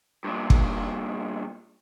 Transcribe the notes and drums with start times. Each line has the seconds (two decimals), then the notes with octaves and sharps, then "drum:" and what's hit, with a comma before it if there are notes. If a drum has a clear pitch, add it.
0.24 G2 A#2
0.50 drum: kick